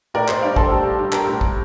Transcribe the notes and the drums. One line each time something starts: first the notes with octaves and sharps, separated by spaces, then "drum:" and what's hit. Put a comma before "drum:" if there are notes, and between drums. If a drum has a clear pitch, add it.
A2 A#4 D5
C5 D#5, drum: clap
G3 D4 D5 F5
A4 C5, drum: kick
A2 G4
G4
G3 D4 G4
G4 A#4, drum: clap
A2
drum: kick